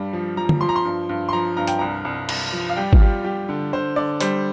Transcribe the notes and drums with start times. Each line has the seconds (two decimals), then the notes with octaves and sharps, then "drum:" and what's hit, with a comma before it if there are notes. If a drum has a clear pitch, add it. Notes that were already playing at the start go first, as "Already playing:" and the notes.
Already playing: G2 G3
0.13 F3
0.37 F3 A#5
0.49 drum: tom D3
0.61 F3 C6
0.69 A#5
0.76 C6
0.85 G2
1.09 G2
1.29 C6
1.33 F3 A#5
1.57 G2 A#5
1.67 G5, drum: hi-hat
1.79 C2 A#5
2.05 C2
2.29 C2, drum: cymbal
2.53 F3
2.69 F5
2.76 G3 G5
2.93 F4, drum: kick G#1
3.01 G3 G4
3.24 G3 G4
3.49 D3
3.73 D3 C5
3.96 D3 D5
4.20 G3 C5, drum: hi-hat